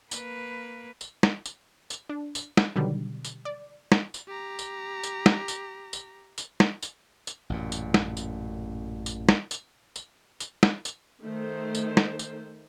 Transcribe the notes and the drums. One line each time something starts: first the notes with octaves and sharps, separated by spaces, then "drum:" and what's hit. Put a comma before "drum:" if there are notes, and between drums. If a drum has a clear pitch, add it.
A#3 B4, drum: tambourine
drum: tambourine
drum: snare
drum: tambourine
drum: tambourine
D4
drum: tambourine
drum: snare
B2 D3 D#3 F#3 G3
drum: tambourine
D5
drum: snare
drum: tambourine
G4 A#5
drum: tambourine
drum: tambourine
drum: snare
drum: tambourine
drum: tambourine
drum: tambourine
drum: snare
drum: tambourine
drum: tambourine
A1 F#2 A#2
drum: tambourine
drum: snare
drum: tambourine
drum: tambourine
drum: snare
drum: tambourine
drum: tambourine
drum: tambourine
drum: snare
drum: tambourine
D#3 A3 C5
drum: tambourine
drum: snare
drum: tambourine